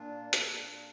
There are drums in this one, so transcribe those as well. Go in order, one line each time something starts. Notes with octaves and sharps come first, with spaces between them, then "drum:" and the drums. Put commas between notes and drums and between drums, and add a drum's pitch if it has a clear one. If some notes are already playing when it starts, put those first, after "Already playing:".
Already playing: A#2 D4 F4
A#2, drum: hi-hat